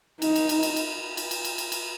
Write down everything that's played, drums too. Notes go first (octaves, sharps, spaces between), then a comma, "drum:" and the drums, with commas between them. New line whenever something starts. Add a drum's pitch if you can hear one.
D#4, drum: cymbal
drum: cymbal
drum: cymbal
drum: cymbal
drum: cymbal
drum: cymbal
drum: cymbal
drum: cymbal
drum: cymbal
drum: cymbal